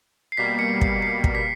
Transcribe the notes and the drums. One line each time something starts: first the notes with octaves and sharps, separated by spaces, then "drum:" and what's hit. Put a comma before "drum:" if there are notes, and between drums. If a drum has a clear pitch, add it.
C7
B2 G3 A#3 B6
C#7
C7, drum: kick
C7
drum: kick
B6